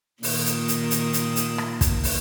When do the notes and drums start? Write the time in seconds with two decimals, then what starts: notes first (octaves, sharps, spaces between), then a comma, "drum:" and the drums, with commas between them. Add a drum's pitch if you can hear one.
0.23 A#2 D#3, drum: open hi-hat
0.45 drum: hi-hat
0.68 drum: hi-hat
0.91 drum: hi-hat
1.13 drum: hi-hat
1.36 drum: hi-hat
1.58 drum: rim click
1.81 drum: kick, hi-hat
2.03 drum: open hi-hat